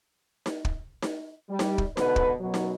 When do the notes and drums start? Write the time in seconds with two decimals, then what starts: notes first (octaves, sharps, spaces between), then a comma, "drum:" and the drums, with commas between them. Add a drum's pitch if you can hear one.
0.46 drum: snare D#4
0.65 drum: kick
1.02 drum: snare D#4
1.49 G3
1.59 drum: snare D#4
1.78 drum: kick
1.97 G#2 B2 D3 B4, drum: snare D#4
2.16 drum: kick
2.40 F#2 B2 F#3
2.54 drum: snare D#4